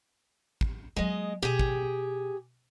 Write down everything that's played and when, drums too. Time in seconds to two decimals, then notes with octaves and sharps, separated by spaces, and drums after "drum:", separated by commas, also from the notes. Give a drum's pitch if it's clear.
0.61 drum: kick
0.96 F#3 G#3 A#3 D#5
1.42 B2 G4 G#4
1.59 drum: kick